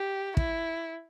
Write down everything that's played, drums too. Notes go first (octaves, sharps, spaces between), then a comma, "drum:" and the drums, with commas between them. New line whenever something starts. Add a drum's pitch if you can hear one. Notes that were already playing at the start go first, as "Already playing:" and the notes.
Already playing: G4
E4, drum: kick